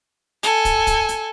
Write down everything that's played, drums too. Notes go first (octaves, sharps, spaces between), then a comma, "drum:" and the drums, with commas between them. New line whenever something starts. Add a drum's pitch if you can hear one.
A4 G#5, drum: hi-hat
drum: kick, hi-hat
drum: kick, hi-hat
drum: hi-hat